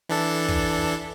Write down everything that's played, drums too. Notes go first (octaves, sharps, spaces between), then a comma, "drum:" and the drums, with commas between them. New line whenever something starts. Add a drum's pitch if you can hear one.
E3 D4 A4
drum: kick